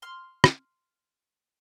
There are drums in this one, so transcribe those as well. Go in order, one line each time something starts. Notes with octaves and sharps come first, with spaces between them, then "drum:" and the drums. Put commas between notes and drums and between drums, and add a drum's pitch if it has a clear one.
C6 F6
drum: rim click